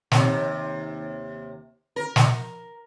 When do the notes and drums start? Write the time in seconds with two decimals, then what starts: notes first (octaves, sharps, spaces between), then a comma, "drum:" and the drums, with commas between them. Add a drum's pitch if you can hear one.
0.12 D#2 C3, drum: snare
1.96 A#4
2.16 drum: snare